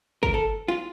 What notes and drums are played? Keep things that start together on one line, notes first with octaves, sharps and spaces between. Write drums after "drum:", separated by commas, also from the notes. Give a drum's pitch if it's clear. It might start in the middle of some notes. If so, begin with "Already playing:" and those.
A#4, drum: kick
A4
F4